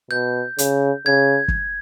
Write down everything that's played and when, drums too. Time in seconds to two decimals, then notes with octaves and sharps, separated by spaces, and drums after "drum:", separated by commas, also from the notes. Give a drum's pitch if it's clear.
0.11 B2 G6
0.58 C#3, drum: hi-hat
1.06 C#3 G#6
1.48 drum: kick